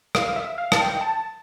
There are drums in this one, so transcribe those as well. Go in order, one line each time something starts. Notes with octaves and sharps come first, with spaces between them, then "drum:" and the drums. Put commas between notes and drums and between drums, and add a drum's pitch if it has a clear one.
F5, drum: rim click
E5
F5
A5, drum: rim click
G5
A5